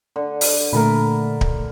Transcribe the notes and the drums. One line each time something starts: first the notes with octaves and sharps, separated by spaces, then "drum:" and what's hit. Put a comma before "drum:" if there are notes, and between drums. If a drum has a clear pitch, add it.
D3
drum: open hi-hat
A#2 D3 A3 A#4 A5 B5
drum: kick D1